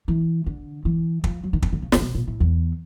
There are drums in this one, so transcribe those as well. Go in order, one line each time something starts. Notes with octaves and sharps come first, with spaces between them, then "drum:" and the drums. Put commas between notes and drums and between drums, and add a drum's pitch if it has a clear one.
E3
D3
E3
F3, drum: kick
F#3
D#3
D3, drum: kick
D3
C#3
C3, drum: snare
A#2
B2
A#2
A2
E2